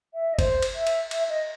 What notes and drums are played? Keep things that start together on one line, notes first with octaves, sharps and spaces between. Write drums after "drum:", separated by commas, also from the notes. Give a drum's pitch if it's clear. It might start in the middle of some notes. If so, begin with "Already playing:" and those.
E5
D#5
C5, drum: kick, cymbal
drum: cymbal
E5
drum: cymbal
E5, drum: cymbal
D#5